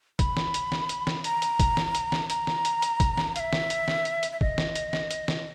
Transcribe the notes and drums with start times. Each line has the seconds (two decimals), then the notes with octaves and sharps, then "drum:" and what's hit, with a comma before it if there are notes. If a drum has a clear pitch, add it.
0.19 B5, drum: kick, hi-hat
0.37 drum: snare
0.54 drum: hi-hat
0.72 drum: snare
0.89 drum: hi-hat
1.07 drum: snare
1.24 A#5, drum: hi-hat
1.42 drum: hi-hat
1.60 drum: kick, hi-hat
1.77 drum: snare
1.95 drum: hi-hat
2.12 drum: snare
2.30 A#5, drum: hi-hat
2.47 drum: snare
2.65 drum: hi-hat
2.82 drum: hi-hat
3.00 drum: kick, hi-hat
3.17 drum: snare
3.36 F5, drum: hi-hat
3.40 E5
3.53 drum: snare
3.70 drum: hi-hat
3.88 drum: snare
4.05 drum: hi-hat
4.23 drum: hi-hat
4.32 E5
4.41 D#5, drum: kick
4.58 drum: snare
4.75 drum: hi-hat
4.93 drum: snare
5.11 drum: hi-hat
5.28 drum: snare